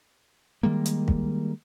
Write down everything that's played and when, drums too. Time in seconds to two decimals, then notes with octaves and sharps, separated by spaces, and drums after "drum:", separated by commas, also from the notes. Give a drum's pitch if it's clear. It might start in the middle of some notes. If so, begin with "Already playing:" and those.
0.63 D#3 G3 G#3 A#3
0.86 drum: hi-hat
1.08 drum: kick